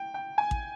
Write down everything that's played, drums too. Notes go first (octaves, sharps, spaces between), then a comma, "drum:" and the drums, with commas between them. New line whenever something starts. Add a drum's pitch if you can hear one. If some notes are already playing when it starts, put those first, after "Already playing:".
Already playing: G5
G5
G#5
drum: kick A1